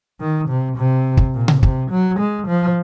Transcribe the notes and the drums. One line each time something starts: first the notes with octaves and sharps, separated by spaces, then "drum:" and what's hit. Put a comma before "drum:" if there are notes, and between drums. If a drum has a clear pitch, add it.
D#3
C3
C3
drum: kick
A#2
drum: tom C3
C3, drum: kick
F#3
G#3
F3